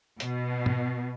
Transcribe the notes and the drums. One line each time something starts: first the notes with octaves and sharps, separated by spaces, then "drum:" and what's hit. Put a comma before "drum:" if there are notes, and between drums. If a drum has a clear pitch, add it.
B2, drum: hi-hat
drum: tom